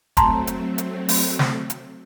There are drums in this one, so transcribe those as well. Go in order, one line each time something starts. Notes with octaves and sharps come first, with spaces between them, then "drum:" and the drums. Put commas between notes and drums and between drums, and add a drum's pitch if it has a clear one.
F#3 A3 C4 A5 A#5 C6, drum: kick E1, hi-hat
drum: hi-hat
drum: hi-hat
drum: open hi-hat
drum: snare
drum: hi-hat